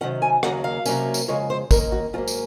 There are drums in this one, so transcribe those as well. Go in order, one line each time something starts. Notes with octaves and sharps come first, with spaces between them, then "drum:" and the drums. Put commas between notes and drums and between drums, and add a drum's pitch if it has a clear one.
C3 D#3 F#3 C#4 F#5
G#5
D#2 C#3 F#3 A#3 F#5, drum: rim click
F5
C3 F#3 A#3 C#4, drum: tambourine
drum: tambourine
F2 C#3 G#3 C#5
C5
D#2 D#3 A#3 C#4 A#4, drum: kick, tambourine
F#4
G#2 F#3 A#3 C#4 F4
drum: tambourine